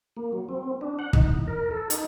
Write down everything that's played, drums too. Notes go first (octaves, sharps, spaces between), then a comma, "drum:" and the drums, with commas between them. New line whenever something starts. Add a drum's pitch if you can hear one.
A#3
F#3
C4
D4
F#5
D#4, drum: kick
E2
A#4
A4
D#4, drum: hi-hat